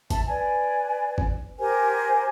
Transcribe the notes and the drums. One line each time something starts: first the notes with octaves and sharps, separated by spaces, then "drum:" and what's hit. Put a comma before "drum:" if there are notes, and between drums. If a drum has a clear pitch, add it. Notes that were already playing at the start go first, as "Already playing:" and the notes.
E5 A5, drum: kick G1, hi-hat
B4 D5 G#5
drum: kick G1
G4 A#4 C5 G#5